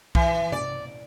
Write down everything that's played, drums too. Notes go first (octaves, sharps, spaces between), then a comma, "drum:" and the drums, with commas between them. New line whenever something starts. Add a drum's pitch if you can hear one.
E3, drum: kick B1
D5, drum: tom C3